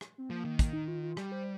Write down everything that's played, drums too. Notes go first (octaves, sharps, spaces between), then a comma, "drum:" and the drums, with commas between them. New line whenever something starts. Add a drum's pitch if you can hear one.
drum: rim click
C4
F3 A#3
D#3
A#3, drum: kick, hi-hat
D#4
F4
F4
G3 G4, drum: rim click
C5